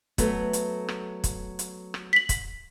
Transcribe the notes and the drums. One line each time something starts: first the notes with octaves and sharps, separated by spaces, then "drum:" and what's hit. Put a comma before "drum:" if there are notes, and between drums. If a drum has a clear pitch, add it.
F#3 A3 B3, drum: kick, hi-hat
drum: hi-hat
drum: rim click
drum: kick, hi-hat
drum: hi-hat
drum: rim click
B6 F#7
drum: kick, hi-hat